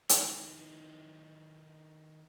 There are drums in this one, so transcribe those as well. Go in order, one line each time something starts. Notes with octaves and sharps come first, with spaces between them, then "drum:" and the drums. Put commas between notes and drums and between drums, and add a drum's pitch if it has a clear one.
D#3 D#4 E4 F#4 B4 C#5, drum: hi-hat